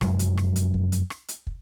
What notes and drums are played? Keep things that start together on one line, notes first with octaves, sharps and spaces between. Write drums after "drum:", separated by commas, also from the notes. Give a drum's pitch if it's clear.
F1 F#2 F#3 G#3, drum: rim click
drum: hi-hat
drum: rim click
drum: hi-hat
drum: kick
drum: hi-hat
drum: rim click
drum: hi-hat
drum: kick